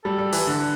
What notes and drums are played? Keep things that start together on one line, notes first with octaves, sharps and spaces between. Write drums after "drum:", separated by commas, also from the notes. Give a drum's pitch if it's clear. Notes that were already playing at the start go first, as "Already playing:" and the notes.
G3 A4
G3
E3, drum: open hi-hat
D3
B4